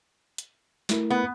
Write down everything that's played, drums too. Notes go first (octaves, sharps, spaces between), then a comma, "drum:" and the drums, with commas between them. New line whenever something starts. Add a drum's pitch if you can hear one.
drum: hi-hat
A3 E4 A#4, drum: snare
B3